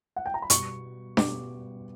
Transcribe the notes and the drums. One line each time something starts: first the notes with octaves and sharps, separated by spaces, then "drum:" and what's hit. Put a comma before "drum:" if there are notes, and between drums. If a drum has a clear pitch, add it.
F#5
G5
A#5
B5
B2 G3 B3 C#6, drum: hi-hat
B2 G3 B3 D6, drum: snare D4